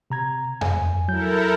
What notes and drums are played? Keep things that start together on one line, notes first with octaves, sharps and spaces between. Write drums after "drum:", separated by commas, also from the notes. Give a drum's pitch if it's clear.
C3 A#5 G#6
G#5, drum: tom F2
F#3 E4 A4 A#4 G6